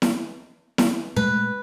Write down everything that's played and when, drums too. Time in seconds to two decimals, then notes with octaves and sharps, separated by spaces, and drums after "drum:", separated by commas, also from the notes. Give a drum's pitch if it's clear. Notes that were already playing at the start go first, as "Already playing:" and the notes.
0.02 drum: snare E4
0.78 drum: snare E4
1.16 A#2 G#3 A3 B4